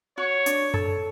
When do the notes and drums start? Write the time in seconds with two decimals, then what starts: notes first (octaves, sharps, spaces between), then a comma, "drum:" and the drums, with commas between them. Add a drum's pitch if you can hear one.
0.17 F#4 C#5
0.46 D4, drum: hi-hat
0.74 A4, drum: tom F#2